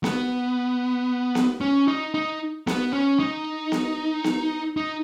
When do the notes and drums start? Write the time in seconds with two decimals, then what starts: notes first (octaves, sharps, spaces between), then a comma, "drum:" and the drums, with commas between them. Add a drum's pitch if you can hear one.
0.04 B3, drum: snare B3
1.35 drum: snare B3
1.61 C#4
1.88 D#4
2.14 D#4
2.67 B3, drum: snare B3
2.93 C#4
3.19 D#4
3.72 drum: snare B3
4.24 drum: snare B3
4.77 D#4